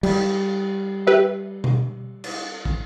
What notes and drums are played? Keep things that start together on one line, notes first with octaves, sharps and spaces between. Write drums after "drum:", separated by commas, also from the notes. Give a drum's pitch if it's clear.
G3, drum: cymbal
G4 B4 E5
drum: tom B2
drum: cymbal
drum: kick